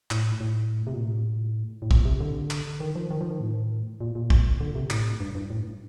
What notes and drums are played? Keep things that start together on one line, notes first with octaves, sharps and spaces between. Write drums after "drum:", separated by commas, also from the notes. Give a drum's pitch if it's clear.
A2, drum: clap
A2
C3
A#2
A2
A2
A#2, drum: kick
C3
D3
drum: clap
D#3
F3
D#3
F3
D#3
A2
A#2
A#2
drum: kick
D3
C3
A2, drum: clap
G2
G2
A2